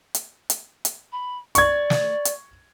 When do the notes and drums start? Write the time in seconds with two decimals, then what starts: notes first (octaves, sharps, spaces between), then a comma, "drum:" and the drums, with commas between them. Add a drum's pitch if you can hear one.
0.15 drum: hi-hat
0.50 drum: hi-hat
0.85 drum: hi-hat
1.12 B5
1.55 D5 C#6 G#6, drum: hi-hat
1.90 drum: snare
2.25 drum: hi-hat